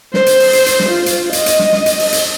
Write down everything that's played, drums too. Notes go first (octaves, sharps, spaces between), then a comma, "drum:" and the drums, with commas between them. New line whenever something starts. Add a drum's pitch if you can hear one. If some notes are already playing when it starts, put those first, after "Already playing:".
C5, drum: snare
drum: hi-hat
drum: open hi-hat
drum: hi-hat
drum: hi-hat
drum: snare
F4
drum: hi-hat
D#5, drum: hi-hat
drum: hi-hat
drum: snare
drum: snare
drum: hi-hat
drum: open hi-hat
drum: hi-hat